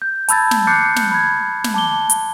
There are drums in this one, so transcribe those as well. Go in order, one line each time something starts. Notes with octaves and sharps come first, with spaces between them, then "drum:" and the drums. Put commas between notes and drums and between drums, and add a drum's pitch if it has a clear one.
G6
A5 B5 E6 G#6 A6, drum: hi-hat
drum: snare
D6 F#6 G6 A6 C7 C#7
drum: snare
B5 G#6
drum: snare
A5 D6 G7
drum: hi-hat